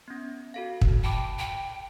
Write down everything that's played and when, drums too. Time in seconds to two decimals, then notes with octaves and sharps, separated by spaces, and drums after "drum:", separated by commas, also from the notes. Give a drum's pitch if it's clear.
0.08 B3 C#4
0.54 F#4 A4 F5
0.81 drum: kick
1.04 G5 A5 B5 D6
1.38 G5